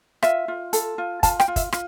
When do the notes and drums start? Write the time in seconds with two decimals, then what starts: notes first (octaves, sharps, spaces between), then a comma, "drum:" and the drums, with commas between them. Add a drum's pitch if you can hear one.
0.22 F4 E5, drum: rim click
0.48 F4
0.73 A4, drum: hi-hat
0.98 F4
1.23 F4 A5, drum: kick, hi-hat
1.40 G5, drum: rim click
1.48 F4
1.56 E5, drum: kick, hi-hat
1.72 F4, drum: rim click